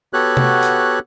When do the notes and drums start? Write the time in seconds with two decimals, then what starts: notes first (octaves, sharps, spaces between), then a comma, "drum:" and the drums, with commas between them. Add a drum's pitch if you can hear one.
0.13 B3 F#4 G4 A4 C#5 F#6
0.37 drum: tom C3
0.63 drum: hi-hat